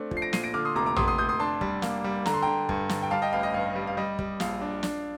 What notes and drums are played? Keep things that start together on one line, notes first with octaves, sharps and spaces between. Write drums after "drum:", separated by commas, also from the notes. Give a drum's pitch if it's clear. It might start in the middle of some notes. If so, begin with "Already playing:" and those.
Already playing: A3 C4 D4
F3, drum: kick
C7
A#6 D7
A#2 C7 D#7, drum: snare
A#6 D7
D3 D6 F6
C6 D#6
F1 A#5 D6
A#5 D6
F1 C6 D#6, drum: tom
C6 D#6
F1 D#6 G6
C6 D#6
D4 A5 C6
G3, drum: kick
A#3, drum: snare
G3
D3 A#5, drum: snare
C6
D3 G5 A#5
G2, drum: kick
D3, drum: snare
G5
G3 F5 A5
D#5 G5
A1 F5
D#5
G2 F5
G3
F5
G3 D#5
G3, drum: kick
A#1 F5, drum: snare
D4
D4, drum: snare